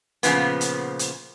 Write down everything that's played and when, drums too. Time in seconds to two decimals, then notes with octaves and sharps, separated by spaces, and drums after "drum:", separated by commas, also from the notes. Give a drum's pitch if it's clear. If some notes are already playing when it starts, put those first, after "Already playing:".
0.23 A#2 C#3 F3 B3, drum: hi-hat
0.61 drum: hi-hat
0.99 drum: hi-hat